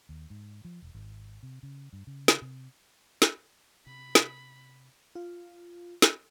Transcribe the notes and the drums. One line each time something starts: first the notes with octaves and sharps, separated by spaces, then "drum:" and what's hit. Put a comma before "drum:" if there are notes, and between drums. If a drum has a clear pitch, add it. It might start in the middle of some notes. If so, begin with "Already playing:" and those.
D#2
G#2
F3
E1
G#1
C3
C#3
G2
C#3
drum: snare
C3
drum: snare
C3 B5
drum: snare
F4
drum: snare